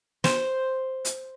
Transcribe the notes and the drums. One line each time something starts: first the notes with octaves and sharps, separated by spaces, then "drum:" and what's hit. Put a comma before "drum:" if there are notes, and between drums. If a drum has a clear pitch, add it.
C5, drum: snare
drum: hi-hat